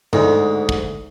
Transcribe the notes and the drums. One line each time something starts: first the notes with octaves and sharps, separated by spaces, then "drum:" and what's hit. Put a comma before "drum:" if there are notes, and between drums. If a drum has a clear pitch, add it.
D2 G#2, drum: tom G2
drum: kick